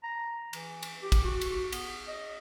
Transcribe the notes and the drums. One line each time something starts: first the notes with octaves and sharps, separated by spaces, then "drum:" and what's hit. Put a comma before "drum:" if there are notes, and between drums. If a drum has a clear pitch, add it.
A#5
E3, drum: cymbal
drum: cymbal
G4
drum: kick, cymbal
F#4
drum: cymbal
B3, drum: cymbal
D#5